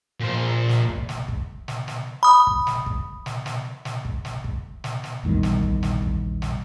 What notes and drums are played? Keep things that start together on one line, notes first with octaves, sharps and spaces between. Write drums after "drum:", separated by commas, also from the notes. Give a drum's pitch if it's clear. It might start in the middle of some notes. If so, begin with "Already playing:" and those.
A#2 C5
drum: snare
drum: kick
drum: snare
drum: kick
drum: snare
drum: snare
B5 D#6
drum: kick
drum: snare
drum: kick
drum: snare
drum: snare
drum: snare
drum: kick
drum: snare
drum: kick
drum: snare
drum: snare
A#1 E2 D#3 G3
drum: snare
drum: kick
drum: snare
drum: kick
drum: snare